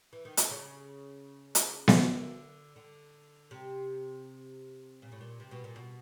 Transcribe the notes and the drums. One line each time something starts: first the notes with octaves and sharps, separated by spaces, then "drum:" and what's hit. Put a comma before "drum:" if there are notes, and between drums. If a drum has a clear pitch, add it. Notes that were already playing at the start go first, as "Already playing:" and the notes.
E3
D#3
D3, drum: hi-hat
C#3
drum: hi-hat
drum: snare B3
D3
D3
C3
A#2
A2
A#2
C3
B2
A#2
B2